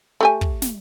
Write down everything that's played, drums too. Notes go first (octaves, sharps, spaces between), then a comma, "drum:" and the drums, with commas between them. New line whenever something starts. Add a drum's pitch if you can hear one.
A3 G4 G#5
drum: kick
drum: snare